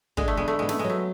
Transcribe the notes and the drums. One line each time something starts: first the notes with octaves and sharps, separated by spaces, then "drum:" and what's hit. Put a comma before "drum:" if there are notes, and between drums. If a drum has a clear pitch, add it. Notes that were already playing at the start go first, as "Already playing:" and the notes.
D3 G#3, drum: kick
A3
G#3 B3
A3
G#3 B3
A3, drum: snare
F#3 G#3
A3